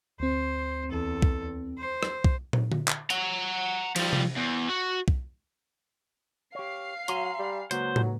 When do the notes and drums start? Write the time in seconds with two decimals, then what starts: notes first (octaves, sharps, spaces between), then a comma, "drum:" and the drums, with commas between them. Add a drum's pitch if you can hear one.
0.20 D2 C4 C5
0.90 E2 A4
1.22 drum: kick B1
1.78 C5
2.03 drum: rim click
2.24 drum: kick B1
2.53 drum: tom
2.72 drum: tom D3
2.88 drum: clap
3.10 F#5 A#5, drum: hi-hat
3.96 F3 G3, drum: cymbal
4.13 drum: tom C3
4.37 E2
4.69 F#4
5.08 drum: kick B1
6.55 G4 C#5 F5 C7
7.08 F#3 G#5 A#5 C6, drum: hi-hat
7.39 G3
7.71 C#2 F#3 A#3 B4 C5, drum: hi-hat
7.96 drum: tom A2